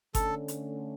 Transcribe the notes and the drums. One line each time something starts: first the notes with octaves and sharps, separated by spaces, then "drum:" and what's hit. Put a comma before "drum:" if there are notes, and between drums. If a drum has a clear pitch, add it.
D3 A3 C#4 A4, drum: kick G1, hi-hat
drum: hi-hat